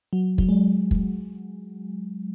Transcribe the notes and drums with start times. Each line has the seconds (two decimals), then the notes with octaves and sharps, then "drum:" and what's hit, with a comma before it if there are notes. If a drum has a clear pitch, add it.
0.13 F#3
0.38 F#3, drum: kick
0.49 G#3
0.91 drum: kick